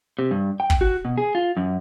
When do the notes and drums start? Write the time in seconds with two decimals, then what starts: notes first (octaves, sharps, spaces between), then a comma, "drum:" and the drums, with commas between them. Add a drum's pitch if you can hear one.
0.19 C3
0.31 G2
0.60 G5
0.70 drum: kick
0.81 F#4
1.05 B2
1.18 G#4
1.35 F4
1.57 F#2